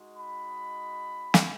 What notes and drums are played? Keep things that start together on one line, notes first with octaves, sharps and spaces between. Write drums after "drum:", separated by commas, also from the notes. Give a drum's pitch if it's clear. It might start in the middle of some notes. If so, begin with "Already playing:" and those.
Already playing: G#3 D#4 F#4
B5
drum: snare